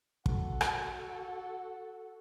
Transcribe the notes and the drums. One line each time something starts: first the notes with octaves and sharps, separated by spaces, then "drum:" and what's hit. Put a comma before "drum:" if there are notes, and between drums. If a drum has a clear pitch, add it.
F#4 A4, drum: kick
drum: rim click